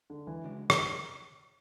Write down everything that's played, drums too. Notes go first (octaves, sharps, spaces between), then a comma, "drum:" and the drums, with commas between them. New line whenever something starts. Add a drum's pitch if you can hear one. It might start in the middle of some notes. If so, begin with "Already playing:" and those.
D3
E3
C#3 G#3 D4 F#4
drum: rim click